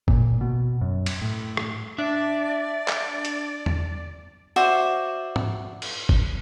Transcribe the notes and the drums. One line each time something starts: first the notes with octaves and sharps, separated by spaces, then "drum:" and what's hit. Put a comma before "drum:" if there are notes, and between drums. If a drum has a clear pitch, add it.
A#2, drum: kick F#1
B2
F#2
drum: cymbal
A2
drum: rim click
D4 D5 E5
drum: clap
drum: hi-hat
drum: tom E2
F#4 C5 D5 E5
drum: tom G#2
drum: cymbal
drum: kick F#1